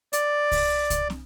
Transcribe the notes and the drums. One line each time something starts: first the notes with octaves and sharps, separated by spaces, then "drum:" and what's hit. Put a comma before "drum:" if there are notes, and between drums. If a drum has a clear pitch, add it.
D5, drum: hi-hat
drum: kick C2, open hi-hat
drum: kick C2, hi-hat
drum: snare